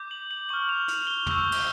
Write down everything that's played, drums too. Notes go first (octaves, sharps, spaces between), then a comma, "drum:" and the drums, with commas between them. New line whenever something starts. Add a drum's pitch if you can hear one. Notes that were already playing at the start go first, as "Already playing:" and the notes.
Already playing: D6 G6
F#7
F#7
C#6 F6 F#7
F7
F#7, drum: hi-hat
G7
C#6 E6 G6, drum: tom
drum: cymbal